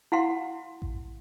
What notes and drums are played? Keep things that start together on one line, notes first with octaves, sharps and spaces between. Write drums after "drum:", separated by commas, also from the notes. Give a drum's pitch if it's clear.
E4 F5 F#5 C6
drum: kick A1